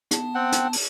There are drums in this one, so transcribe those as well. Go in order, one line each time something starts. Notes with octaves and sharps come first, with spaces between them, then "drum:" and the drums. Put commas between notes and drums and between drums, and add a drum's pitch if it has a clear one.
B3 A5, drum: hi-hat
C4 F#5 G5
drum: hi-hat
drum: open hi-hat